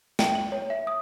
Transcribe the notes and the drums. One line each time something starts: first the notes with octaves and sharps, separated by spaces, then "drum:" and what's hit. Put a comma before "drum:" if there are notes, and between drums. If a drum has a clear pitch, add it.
G5, drum: snare
F#7
C#5
E5
D#6